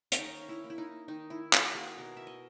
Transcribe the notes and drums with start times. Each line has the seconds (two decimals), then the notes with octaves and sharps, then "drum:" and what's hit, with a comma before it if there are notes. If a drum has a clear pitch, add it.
0.12 C#4, drum: hi-hat
0.18 D#3 D#4
0.49 E4
0.64 A#3
0.70 E4
0.78 D#4
1.08 D#3 D#4
1.30 E4
1.53 A#3 F#4, drum: clap
1.75 G#4
1.97 B2 A#4
2.17 E5
2.27 D#5